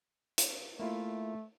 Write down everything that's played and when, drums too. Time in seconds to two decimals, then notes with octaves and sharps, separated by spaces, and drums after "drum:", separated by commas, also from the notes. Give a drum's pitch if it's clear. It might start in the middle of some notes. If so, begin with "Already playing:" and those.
0.38 drum: hi-hat
0.79 A3 A#3 E4 F4